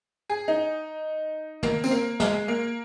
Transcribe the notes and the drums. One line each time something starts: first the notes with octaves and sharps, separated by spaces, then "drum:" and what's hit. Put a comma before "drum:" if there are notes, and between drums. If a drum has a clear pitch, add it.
G#4
D#4
A#3, drum: tom
C4, drum: tambourine
A#3
G#3, drum: snare
A#3